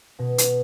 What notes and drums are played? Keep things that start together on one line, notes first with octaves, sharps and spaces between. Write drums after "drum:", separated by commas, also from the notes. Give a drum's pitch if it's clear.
B2
drum: hi-hat